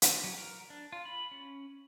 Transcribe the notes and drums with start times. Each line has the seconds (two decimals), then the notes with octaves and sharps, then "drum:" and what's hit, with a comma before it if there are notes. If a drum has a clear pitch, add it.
0.02 drum: hi-hat
0.24 F#3
0.38 A#4
0.70 D4
0.93 F4
1.05 B5
1.31 C#4